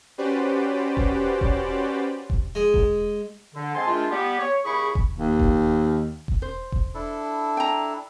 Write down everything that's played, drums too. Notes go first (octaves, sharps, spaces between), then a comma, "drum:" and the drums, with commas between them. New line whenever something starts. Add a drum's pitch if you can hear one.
C#4 F#4 G4 B4 C5 D5
drum: kick E1
drum: kick E1
drum: kick E1
G#3
drum: kick E1
D3
G#3 C4 G#5 A5 C6
D#3 G#3 A3 D4 E4 F4
G3 B3 G4
C#5
D#2 C#3 E4 G#4 B5 C#6
drum: kick E1
D#2
drum: kick E1
drum: kick E1
C5
drum: kick E1
D4 E4 A4
G5 A#5